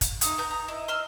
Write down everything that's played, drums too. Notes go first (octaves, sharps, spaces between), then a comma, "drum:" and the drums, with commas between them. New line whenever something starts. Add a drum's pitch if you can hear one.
drum: kick, hi-hat
A3 D#4 D#6, drum: hi-hat
B3 A#5 G6
A#5
E4 D#5
C6 E6 F6